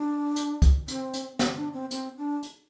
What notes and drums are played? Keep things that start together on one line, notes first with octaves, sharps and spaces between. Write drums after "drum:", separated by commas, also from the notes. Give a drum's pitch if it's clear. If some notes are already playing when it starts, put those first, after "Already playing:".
Already playing: D4
drum: hi-hat
drum: kick, hi-hat
C4, drum: hi-hat
drum: hi-hat
C4, drum: snare
D4
C4
C4, drum: hi-hat
D4
drum: hi-hat